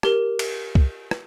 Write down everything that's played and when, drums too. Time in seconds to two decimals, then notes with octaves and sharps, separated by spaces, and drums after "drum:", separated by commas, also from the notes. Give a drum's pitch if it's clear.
0.03 G4 A#4, drum: rim click
0.39 drum: cymbal
0.75 drum: kick C2
1.11 drum: rim click